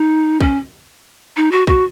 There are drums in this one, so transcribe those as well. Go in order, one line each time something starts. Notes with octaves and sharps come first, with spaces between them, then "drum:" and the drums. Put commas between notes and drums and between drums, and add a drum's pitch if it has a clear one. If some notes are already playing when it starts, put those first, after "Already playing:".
Already playing: D#4
C#4, drum: kick
D#4
F#4
F#4, drum: kick